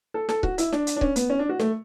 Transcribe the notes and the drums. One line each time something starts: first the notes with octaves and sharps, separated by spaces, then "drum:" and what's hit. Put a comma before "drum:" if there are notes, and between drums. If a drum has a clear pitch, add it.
A4
A4, drum: snare
F#4, drum: kick C#1
E4, drum: hi-hat
D4, drum: snare
drum: hi-hat
D4
C#4, drum: kick C#1
B3, drum: hi-hat
C#4
D4
F#4
A3, drum: snare